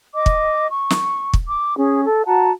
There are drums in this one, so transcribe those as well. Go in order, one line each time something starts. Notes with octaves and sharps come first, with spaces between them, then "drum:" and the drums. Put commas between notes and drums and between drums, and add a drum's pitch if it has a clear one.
D#5 D6
drum: kick
C#6
drum: snare
drum: kick
D6
C#4 G#4
A4
F#4 F#5 A5 A#5